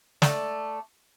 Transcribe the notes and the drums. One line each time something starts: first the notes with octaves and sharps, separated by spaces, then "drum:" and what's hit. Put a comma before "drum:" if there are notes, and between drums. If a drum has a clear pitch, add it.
A3 D5, drum: snare